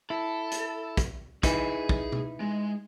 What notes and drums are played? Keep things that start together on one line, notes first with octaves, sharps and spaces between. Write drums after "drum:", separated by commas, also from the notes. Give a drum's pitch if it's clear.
E4 A4
drum: hi-hat
drum: kick, hi-hat
D#4 E4 G#4 B4 G#5, drum: kick, hi-hat
drum: kick
drum: tom
G#3